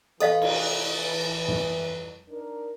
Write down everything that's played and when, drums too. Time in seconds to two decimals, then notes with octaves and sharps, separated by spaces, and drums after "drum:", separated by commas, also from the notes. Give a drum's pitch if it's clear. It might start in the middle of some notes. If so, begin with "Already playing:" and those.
0.20 E3 A4 D#5 F5, drum: cymbal
0.42 drum: cymbal
1.48 drum: tom
2.29 D4 D#4 A#4